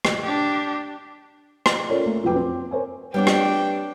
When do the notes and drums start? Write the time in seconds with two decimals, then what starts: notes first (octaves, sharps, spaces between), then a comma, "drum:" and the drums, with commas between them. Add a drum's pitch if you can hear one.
0.05 drum: rim click
0.23 D4 G4
1.66 drum: rim click
1.88 C#4 F4 A4 A#4 C#5 D5
2.06 A3 A#3
2.23 F1 A#1 F#3 B4 G5 D6
2.36 C4
2.71 A#4 C5 C#5 G#5
3.14 G3 B3 C4 D4 B4 C#5 G5 D6
3.27 drum: rim click